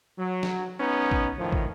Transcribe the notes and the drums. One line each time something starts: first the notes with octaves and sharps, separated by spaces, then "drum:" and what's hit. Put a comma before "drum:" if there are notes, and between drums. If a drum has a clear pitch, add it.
F#3
drum: snare
B3 C#4 D#4
drum: kick
A2 D#3 F3
drum: kick